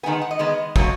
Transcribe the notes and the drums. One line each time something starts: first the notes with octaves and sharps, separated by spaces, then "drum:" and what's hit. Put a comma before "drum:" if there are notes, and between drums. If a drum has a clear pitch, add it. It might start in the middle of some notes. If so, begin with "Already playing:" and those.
D#3 G#3 B3 G#5
F#5
D#5
D#3 G#3 B3
B2 F#3 A#3, drum: kick